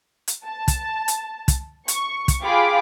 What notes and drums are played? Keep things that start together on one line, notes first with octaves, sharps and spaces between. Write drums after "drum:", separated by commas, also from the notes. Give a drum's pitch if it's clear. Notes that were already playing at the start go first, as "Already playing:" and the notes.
drum: hi-hat
A5
drum: kick, hi-hat
drum: hi-hat
drum: kick, hi-hat
C#6, drum: hi-hat
drum: kick, hi-hat
F4 G4 G#4 F5 B5 D6